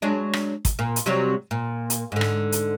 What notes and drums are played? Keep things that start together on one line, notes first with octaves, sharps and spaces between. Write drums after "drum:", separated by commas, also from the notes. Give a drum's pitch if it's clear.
F#3 G#3 D4
drum: rim click
drum: kick, hi-hat
A#2
drum: hi-hat
C3 F#3 G3
A#2
drum: hi-hat
G#2 D3
drum: rim click
drum: hi-hat